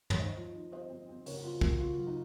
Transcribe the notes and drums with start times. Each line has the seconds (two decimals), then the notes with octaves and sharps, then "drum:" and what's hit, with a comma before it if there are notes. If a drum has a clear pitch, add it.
0.10 C#5, drum: tom
0.19 D#4 C5 D#5
0.37 F3
0.54 D#4
0.72 C4 C5 D#5
0.90 C4
1.09 C4
1.26 C#3 A#4 C#5, drum: open hi-hat
1.36 F#4
1.44 C#3 F4
1.61 C#3 F#4 A#4, drum: kick
1.79 C#3 F4
1.98 F#3
2.07 D#4